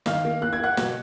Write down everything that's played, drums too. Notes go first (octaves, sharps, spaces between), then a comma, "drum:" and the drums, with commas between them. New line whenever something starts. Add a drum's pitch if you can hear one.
D#3 F5 F6, drum: snare
A#3
A#3 F#6
G#6
A#3 F#5 F#6
B2, drum: snare